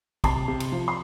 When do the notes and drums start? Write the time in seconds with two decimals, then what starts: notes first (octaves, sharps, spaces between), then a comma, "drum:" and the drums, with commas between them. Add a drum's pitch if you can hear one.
0.24 C3 A5 C6, drum: kick, cymbal
0.48 C3
0.60 drum: cymbal
0.72 F3
0.88 C6